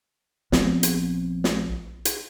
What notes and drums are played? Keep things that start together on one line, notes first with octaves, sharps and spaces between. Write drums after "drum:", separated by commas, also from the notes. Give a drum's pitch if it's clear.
A#1 F3 B3 C4, drum: snare
drum: hi-hat
drum: snare
drum: hi-hat